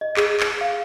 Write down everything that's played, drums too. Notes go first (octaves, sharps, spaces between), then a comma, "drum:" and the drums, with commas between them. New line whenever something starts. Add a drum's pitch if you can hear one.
D#5
G#4, drum: clap
drum: clap
F5